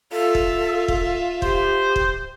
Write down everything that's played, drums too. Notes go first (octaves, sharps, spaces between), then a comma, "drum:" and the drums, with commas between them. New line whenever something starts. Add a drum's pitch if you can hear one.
F4 A4 E5
drum: kick
drum: kick
G4 C5, drum: kick
drum: kick